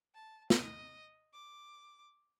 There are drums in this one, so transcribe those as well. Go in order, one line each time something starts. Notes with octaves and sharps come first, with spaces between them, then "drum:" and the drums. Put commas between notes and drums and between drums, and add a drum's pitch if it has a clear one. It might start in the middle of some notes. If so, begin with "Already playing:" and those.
A5
D#5, drum: snare
D6